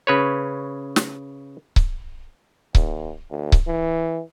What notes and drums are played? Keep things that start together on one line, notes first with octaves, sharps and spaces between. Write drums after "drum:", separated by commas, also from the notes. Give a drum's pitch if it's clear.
C#3 B4 C#5
drum: snare
drum: kick C#1
D#2, drum: kick C#1
D2
drum: kick C#1
E3